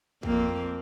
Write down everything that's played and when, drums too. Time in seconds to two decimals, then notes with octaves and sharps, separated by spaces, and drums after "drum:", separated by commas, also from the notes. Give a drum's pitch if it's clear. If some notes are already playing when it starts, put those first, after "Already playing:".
0.23 F2 A#3 C4, drum: kick